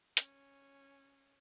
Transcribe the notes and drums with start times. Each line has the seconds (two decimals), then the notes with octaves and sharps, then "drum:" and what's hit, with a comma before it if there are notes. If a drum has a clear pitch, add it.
0.17 C#4, drum: hi-hat